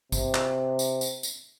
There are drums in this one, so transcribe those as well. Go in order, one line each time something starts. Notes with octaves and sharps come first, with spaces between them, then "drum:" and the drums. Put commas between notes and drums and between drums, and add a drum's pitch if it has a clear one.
C3, drum: kick, tambourine
drum: clap
drum: tambourine
drum: tambourine
drum: tambourine